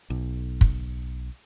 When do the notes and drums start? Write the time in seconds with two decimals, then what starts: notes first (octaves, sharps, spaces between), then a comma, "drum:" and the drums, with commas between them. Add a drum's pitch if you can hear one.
0.10 B1
0.61 drum: kick